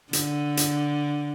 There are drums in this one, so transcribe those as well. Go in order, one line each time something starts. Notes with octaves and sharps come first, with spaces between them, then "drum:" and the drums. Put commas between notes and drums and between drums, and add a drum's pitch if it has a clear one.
D3, drum: hi-hat
drum: hi-hat